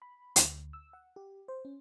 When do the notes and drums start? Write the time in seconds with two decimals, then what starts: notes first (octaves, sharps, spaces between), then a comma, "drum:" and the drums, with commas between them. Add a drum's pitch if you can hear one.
0.02 B5
0.36 D2, drum: hi-hat
0.73 E6
0.93 F#5
1.16 G4
1.48 C5
1.65 C#4